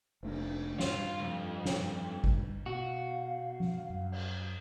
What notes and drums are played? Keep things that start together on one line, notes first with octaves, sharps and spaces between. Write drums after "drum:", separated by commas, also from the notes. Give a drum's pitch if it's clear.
F1 A3 D4, drum: cymbal
G2 F5 C6, drum: snare
C2 F2
drum: snare
drum: kick G#1
B2 F#4 F5
drum: tom F3
F#2
drum: cymbal